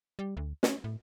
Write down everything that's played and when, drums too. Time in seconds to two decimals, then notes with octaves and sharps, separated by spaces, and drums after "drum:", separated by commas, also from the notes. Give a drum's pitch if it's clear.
0.19 G3
0.37 D2
0.63 C#4, drum: snare
0.84 A2